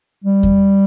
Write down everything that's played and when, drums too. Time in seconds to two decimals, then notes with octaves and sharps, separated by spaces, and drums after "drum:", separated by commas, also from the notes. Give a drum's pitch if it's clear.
0.25 G3
0.43 drum: kick E2